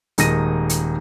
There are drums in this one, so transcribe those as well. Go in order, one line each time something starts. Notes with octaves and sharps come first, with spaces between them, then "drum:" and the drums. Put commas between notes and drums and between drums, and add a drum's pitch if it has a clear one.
D#1 D#3 G#3 A#6 D#7, drum: hi-hat
drum: hi-hat